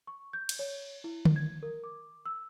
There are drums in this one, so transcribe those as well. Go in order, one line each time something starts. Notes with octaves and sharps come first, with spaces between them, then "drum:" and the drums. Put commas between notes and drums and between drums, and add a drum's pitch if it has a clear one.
C#6
G6
drum: cymbal
C#5
E4
drum: tom D3
G#6
A#4
D6
E6